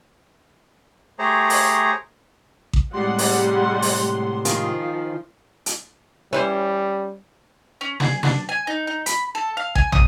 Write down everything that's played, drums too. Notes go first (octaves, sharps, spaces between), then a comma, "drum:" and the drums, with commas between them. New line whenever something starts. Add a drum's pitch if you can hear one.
A3 G4 G#4 C5 C#5 A#5
drum: open hi-hat
drum: kick A1
A2 C3 G3 G#3 F#5 C6
drum: open hi-hat
drum: open hi-hat
D#3 F3 F4 G#4, drum: hi-hat
drum: hi-hat
E3 G3 C#4 B4 C5
C#4
G#4, drum: snare
D4, drum: snare
G#5
D#4
D#4
B5, drum: hi-hat
A4
F5
G#5, drum: kick A1
D#6, drum: tom